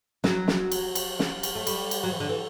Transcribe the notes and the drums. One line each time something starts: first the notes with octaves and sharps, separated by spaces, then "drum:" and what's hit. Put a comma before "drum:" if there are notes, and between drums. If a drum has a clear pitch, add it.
F#3, drum: snare
drum: snare
drum: cymbal
drum: cymbal
drum: snare
drum: cymbal
A3
G3, drum: cymbal
drum: cymbal
F#3
E3
D3
E3